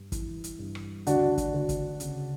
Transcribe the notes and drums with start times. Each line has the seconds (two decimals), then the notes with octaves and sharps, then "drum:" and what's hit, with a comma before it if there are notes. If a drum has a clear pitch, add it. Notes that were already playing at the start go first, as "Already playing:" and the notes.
Already playing: G2
0.12 E3, drum: kick, hi-hat
0.44 drum: hi-hat
0.59 G2
0.75 drum: rim click
1.07 D2 D4 F#4, drum: hi-hat
1.38 drum: kick, hi-hat
1.54 D2
1.69 drum: kick, hi-hat
2.00 C#3, drum: hi-hat